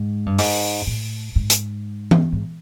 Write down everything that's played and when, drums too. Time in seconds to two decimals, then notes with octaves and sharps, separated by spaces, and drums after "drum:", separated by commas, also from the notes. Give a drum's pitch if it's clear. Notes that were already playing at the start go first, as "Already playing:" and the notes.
Already playing: G#2
0.26 G2
0.38 G#2, drum: open hi-hat
0.87 A2
1.36 G#2
1.50 drum: hi-hat
2.11 drum: tom E3
2.32 G#2